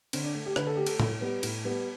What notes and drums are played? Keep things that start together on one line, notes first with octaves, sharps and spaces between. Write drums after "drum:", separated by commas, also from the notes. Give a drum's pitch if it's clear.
D3 C4, drum: cymbal
D4
A3
G4
D3 B4, drum: rim click
A4
A3 G4
A4, drum: cymbal
A2, drum: tom A2
G3 B3
A2, drum: cymbal
G3 B3